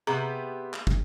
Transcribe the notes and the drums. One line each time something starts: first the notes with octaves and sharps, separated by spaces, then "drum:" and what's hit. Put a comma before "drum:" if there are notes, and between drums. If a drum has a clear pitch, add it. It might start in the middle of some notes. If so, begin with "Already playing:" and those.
C3 B3 G4 G#4 A#5
drum: clap
drum: kick